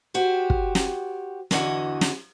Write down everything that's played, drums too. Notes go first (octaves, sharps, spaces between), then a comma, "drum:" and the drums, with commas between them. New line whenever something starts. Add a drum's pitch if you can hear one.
F#4 G4 C5
drum: kick
drum: snare
E2 D3 E3 F#4 D#5, drum: snare
drum: snare